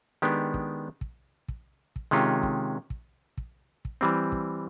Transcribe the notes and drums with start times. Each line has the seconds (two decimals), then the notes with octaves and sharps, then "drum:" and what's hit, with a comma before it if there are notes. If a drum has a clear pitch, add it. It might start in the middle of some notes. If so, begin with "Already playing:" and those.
0.22 D#3 G#3 B3 D4 G4
0.54 drum: kick
1.01 drum: kick
1.48 drum: kick
1.96 drum: kick
2.11 C3 D#3 G#3 C#4 F4
2.43 drum: kick
2.90 drum: kick
3.38 drum: kick
3.85 drum: kick
4.01 E3 G3 C4
4.32 drum: kick